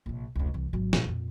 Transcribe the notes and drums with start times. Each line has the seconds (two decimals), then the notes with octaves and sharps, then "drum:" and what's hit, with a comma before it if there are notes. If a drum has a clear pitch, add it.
0.06 A#1 C3
0.36 F1 C#2
0.54 C2 E3
0.73 G#1 F#3
0.93 A#2 D#3, drum: snare
1.05 F2 A#2